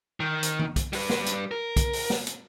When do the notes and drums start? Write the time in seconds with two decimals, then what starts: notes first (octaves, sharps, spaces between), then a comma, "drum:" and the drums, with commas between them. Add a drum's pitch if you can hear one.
0.20 D#3
0.43 drum: hi-hat
0.59 drum: tom
0.76 drum: kick, hi-hat
0.93 G3 B4, drum: open hi-hat
1.10 drum: snare
1.26 drum: hi-hat
1.51 A#4
1.76 drum: kick, hi-hat
1.93 drum: open hi-hat
2.10 drum: snare
2.27 drum: hi-hat